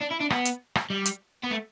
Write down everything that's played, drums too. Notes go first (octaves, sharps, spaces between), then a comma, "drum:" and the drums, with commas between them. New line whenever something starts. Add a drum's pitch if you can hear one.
D4
E4
D4
B3, drum: rim click
drum: hi-hat
drum: rim click
G3
drum: hi-hat
B3
A3